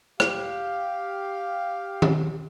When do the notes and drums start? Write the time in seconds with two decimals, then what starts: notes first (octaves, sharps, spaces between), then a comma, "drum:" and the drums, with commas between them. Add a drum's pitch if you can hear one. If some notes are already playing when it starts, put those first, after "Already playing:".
0.20 G4 F5, drum: rim click
2.02 drum: tom D#3